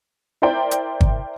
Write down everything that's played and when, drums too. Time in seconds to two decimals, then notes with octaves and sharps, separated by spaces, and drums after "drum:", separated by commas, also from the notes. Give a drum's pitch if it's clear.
0.42 E4 A#4 C5 D5 G5 A#5
0.71 drum: hi-hat
1.01 drum: kick